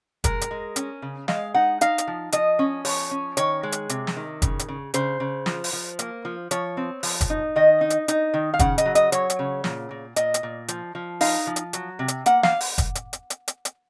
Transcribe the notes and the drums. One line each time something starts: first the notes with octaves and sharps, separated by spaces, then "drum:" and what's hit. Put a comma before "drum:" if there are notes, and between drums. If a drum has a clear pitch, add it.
G#3 A#4, drum: kick, hi-hat
drum: hi-hat
G#3
C#4, drum: hi-hat
C#3
G#3 F5, drum: snare
D#4 F#5
D#4 F5, drum: hi-hat
drum: hi-hat
F3
F3 D#5, drum: hi-hat
C#4
F3 C#5, drum: open hi-hat
C#4
D#3 C#5, drum: hi-hat
G#3
drum: hi-hat
C3, drum: hi-hat
drum: snare
D#3
C#3, drum: kick, hi-hat
drum: hi-hat
C#3
C#3 C5, drum: hi-hat
C#3
F3, drum: snare
drum: open hi-hat
F3
A#3, drum: hi-hat
F3
F3 C#5, drum: hi-hat
C4
F3, drum: open hi-hat
drum: kick, hi-hat
D#4
D#3 D#5
D#4
drum: hi-hat
D#4, drum: hi-hat
D#3
F5
C#3 F#5, drum: kick, hi-hat
D#5, drum: hi-hat
F#3
D#5, drum: hi-hat
F#3 C#5, drum: hi-hat
drum: hi-hat
C#3
A#2, drum: snare
A#2
A#2 D#5, drum: hi-hat
drum: hi-hat
A#2
F3, drum: hi-hat
F3
D#4 F5, drum: open hi-hat
F3
drum: hi-hat
F#3, drum: hi-hat
C3
drum: hi-hat
A#3 F#5, drum: hi-hat
F5, drum: snare
drum: open hi-hat
drum: kick, hi-hat
drum: hi-hat
drum: hi-hat
drum: hi-hat
drum: hi-hat
drum: hi-hat